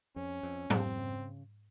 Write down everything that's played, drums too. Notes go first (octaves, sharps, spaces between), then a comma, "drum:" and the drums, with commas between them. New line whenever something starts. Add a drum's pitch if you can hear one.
F2 C#4
F2
F2 C4, drum: tom
C#3